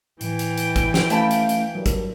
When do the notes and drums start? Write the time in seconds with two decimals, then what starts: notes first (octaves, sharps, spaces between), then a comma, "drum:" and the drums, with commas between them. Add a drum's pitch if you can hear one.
0.21 A2 E3 G5, drum: hi-hat
0.39 drum: hi-hat
0.57 drum: hi-hat
0.76 drum: kick G#1, hi-hat
0.94 drum: snare
1.10 A3 C#4 E5 F5 A5 B5, drum: hi-hat
1.31 drum: hi-hat
1.49 drum: hi-hat
1.75 G2 F#3 A#4
1.86 drum: kick G#1, hi-hat